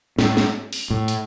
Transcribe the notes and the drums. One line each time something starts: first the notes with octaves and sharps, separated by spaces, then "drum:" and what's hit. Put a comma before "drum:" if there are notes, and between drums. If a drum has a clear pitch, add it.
A2, drum: snare
drum: snare
drum: open hi-hat
A2
drum: hi-hat